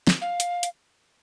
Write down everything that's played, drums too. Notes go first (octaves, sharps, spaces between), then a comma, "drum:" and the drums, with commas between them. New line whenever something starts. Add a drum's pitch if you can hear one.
drum: snare
F5
drum: hi-hat
drum: hi-hat